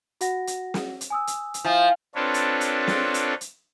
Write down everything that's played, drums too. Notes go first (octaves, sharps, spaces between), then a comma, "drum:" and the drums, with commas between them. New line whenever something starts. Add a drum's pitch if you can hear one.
F#4 F#5 A#6, drum: hi-hat
drum: hi-hat
drum: snare
drum: hi-hat
G#5 D#6 E6
drum: hi-hat
drum: hi-hat
F3 E4 E5 G#5
C4 D4 F4 A4 B4 C#5
drum: hi-hat
drum: hi-hat
drum: snare
drum: hi-hat
drum: hi-hat